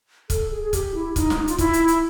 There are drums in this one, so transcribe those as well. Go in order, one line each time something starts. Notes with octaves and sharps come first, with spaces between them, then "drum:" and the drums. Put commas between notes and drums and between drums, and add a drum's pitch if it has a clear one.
A4, drum: kick, hi-hat
G#4
G#4
G4, drum: kick, hi-hat
E4
D#4, drum: kick, hi-hat
drum: snare
F4, drum: hi-hat
E4, drum: kick, hi-hat
drum: hi-hat
drum: hi-hat